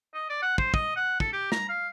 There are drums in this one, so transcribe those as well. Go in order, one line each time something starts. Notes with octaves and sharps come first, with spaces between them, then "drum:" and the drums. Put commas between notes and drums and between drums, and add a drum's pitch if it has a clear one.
D#5
D5
F#5
C5, drum: kick
D#5, drum: kick
F#5
A4, drum: kick
G4
A#5, drum: snare
F5